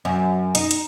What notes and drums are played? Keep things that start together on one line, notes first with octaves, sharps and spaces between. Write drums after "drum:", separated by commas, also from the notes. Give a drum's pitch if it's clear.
F#2
D#4, drum: hi-hat
drum: hi-hat